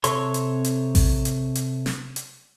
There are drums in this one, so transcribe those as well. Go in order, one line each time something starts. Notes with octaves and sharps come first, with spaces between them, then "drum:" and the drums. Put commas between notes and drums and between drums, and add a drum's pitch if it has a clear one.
C3 C4 A4 C#5 C6, drum: hi-hat
drum: hi-hat
drum: hi-hat
drum: kick A1, open hi-hat
drum: hi-hat
drum: hi-hat
drum: snare
drum: hi-hat